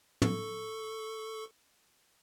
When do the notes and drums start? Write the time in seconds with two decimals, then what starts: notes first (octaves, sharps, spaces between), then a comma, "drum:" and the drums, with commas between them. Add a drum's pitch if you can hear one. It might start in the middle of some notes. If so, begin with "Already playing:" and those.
0.22 A4 C#6, drum: tom